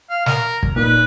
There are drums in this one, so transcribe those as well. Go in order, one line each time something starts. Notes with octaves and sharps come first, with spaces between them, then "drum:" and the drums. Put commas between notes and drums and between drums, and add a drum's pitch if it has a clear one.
F5
A#4, drum: snare
drum: kick
A#2 D#4 B4